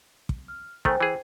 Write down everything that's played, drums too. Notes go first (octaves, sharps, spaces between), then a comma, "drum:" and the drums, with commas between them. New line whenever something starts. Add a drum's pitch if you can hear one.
drum: kick
F6
D#3 A3 C5 G5 G#5, drum: kick
E3 G#4